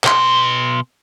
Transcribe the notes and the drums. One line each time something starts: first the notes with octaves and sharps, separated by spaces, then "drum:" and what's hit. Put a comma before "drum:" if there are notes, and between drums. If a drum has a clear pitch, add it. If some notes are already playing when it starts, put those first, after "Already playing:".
B2 C6, drum: clap